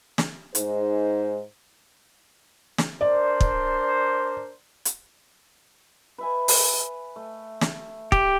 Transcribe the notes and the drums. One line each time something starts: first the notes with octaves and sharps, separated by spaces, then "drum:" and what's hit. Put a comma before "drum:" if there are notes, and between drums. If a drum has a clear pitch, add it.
drum: snare
G#2 D#4 G#4 C5, drum: hi-hat
drum: snare
D4 A#4 C5 D5
drum: kick
drum: hi-hat
B4 E5 G#5
drum: open hi-hat
A3
drum: snare
G4, drum: kick